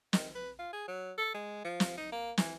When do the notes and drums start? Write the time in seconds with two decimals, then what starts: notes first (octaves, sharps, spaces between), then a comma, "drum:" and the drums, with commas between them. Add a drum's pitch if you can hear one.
0.13 D#3, drum: snare
0.35 B4
0.59 F4
0.73 G#4
0.88 F#3
1.18 A4
1.34 G#3
1.64 F3
1.80 drum: snare
1.97 D#4
2.12 A#3
2.38 E3, drum: snare